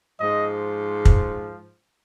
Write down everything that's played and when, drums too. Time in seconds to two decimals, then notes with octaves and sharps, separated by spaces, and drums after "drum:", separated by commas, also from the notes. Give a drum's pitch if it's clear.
0.19 G#2 F3 D#5
1.05 drum: kick